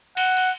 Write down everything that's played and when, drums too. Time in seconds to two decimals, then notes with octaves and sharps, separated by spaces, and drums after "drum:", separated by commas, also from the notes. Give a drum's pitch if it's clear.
0.17 F#5, drum: cymbal
0.37 drum: cymbal